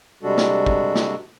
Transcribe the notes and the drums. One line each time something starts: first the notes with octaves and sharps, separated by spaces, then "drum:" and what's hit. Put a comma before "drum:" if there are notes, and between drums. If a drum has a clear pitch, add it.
C3 G3 G#3 D4 F#4 A4
drum: snare
drum: kick
drum: snare